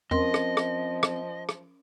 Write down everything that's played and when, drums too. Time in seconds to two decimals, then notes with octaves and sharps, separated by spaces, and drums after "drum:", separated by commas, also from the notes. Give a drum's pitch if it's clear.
0.11 F3 C4 C#4 A#4 D#5 C6, drum: tom
0.34 drum: rim click
0.57 drum: rim click
1.03 drum: rim click
1.49 drum: rim click